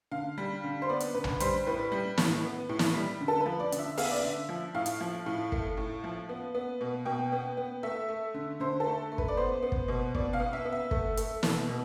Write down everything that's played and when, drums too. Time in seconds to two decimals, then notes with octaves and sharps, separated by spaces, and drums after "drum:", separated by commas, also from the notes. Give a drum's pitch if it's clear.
0.11 D3 F5
0.38 G3
0.64 D3
0.82 C5
0.89 B3 D5
1.00 drum: hi-hat
1.14 D3 B4
1.24 drum: tom A#1
1.40 G3 C5, drum: hi-hat
1.67 A2 B4
1.92 G3
2.18 A2, drum: snare
2.44 B3
2.69 A2
2.79 drum: snare
2.94 G3
3.21 D3
3.28 A4
3.40 B4
3.46 F3
3.60 D5
3.72 D3, drum: hi-hat
3.79 E5
3.97 B3 F5, drum: open hi-hat
4.05 E5
4.11 D5
4.19 D3 E5
4.49 F3
4.74 A2 F5
4.86 drum: hi-hat
5.01 F3
5.26 A2
5.52 A3, drum: kick
5.77 A2
6.04 F3
6.29 B3
6.55 B3
6.81 B2
7.05 B2 G5
7.32 B3
7.57 B3
7.83 A3 E5
8.09 A3
8.34 D3
8.60 D3 C5
8.80 A4
8.86 A3
9.12 A3
9.18 B4, drum: kick
9.28 D5
9.37 B3 C5
9.62 B3
9.72 drum: kick
9.88 B2
10.15 B2 D5, drum: kick
10.33 F5
10.40 B3
10.53 E5
10.65 B3
10.72 E5
10.91 A3, drum: kick
11.17 A3, drum: hi-hat
11.43 B2, drum: snare
11.69 B2